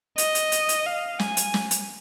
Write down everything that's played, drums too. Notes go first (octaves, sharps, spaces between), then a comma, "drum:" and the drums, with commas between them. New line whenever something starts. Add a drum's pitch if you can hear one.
D#5, drum: hi-hat
drum: hi-hat
drum: hi-hat
drum: hi-hat
F5
G#5, drum: snare
drum: hi-hat
drum: snare
drum: hi-hat